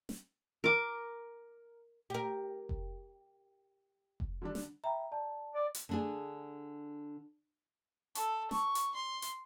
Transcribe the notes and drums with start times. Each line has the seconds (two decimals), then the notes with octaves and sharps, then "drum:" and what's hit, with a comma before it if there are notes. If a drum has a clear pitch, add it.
0.09 drum: snare
0.64 A#4 D6
2.10 G4 A#4
2.69 drum: kick F1
4.20 drum: kick F1
4.42 D3 G3 D4
4.55 drum: snare
4.84 E5 G5 A#5 B5
5.12 D5 A5
5.54 D5
5.75 drum: hi-hat
5.89 D3 D4 G#4
8.15 A4, drum: hi-hat
8.51 C#6, drum: snare
8.75 drum: hi-hat
8.95 C6
9.22 drum: hi-hat